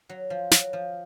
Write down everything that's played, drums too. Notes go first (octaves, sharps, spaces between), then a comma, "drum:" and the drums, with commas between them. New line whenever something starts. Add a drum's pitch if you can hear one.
F#3
F3
F#3, drum: snare
F3